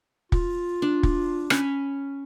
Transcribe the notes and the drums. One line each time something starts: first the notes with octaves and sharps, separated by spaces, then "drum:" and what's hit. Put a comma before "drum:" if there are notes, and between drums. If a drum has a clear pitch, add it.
F4, drum: kick
D4
drum: kick
C#4 B5, drum: rim click